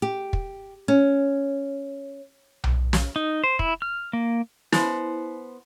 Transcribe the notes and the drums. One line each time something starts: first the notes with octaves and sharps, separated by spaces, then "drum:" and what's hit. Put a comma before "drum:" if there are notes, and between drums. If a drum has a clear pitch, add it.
G4
drum: kick
C#4
drum: tom B1
drum: snare
D#4
C5
E4, drum: kick
F6
A#3
B3 E4 C5, drum: snare